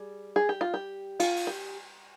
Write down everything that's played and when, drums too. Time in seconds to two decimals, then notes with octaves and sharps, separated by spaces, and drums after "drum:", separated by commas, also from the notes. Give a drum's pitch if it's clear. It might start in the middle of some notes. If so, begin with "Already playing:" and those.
Already playing: G3 G#4
0.36 G#4
0.49 G4
0.61 F4
0.74 G4
1.20 F4, drum: cymbal
1.36 drum: open hi-hat
1.47 G4